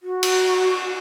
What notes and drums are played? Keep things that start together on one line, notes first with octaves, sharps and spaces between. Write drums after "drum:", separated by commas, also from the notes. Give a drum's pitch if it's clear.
F#4
drum: cymbal